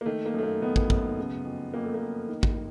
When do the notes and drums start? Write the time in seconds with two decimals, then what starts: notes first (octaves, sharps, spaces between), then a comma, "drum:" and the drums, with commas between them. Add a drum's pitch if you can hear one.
0.01 A#3
0.06 D#3 A3
0.25 A#3
0.34 F#2 A3
0.43 A#3
0.62 D#3 B3
0.76 drum: kick
0.90 F#2, drum: kick
1.18 C#3
1.45 F2
1.74 F2 A#3
1.84 A3
1.94 A#3
2.01 F2
2.28 D#3
2.43 drum: kick